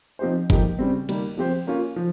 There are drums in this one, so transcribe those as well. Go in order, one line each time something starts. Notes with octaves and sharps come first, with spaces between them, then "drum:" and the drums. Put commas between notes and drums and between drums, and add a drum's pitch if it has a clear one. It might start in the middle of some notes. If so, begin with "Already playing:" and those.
F3 C4 D#4 G4 C5
F3 A#3 D#4 G4, drum: kick
C#3 G3 C4
D#3 G3 A#3, drum: cymbal
F3 C4 G4 C5
A#3 C#4 F4
F3